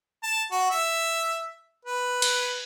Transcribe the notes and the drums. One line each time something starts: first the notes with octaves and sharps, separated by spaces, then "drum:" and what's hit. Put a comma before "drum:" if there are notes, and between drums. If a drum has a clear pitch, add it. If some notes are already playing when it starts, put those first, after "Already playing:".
A5
F#4
E5
B4
drum: cymbal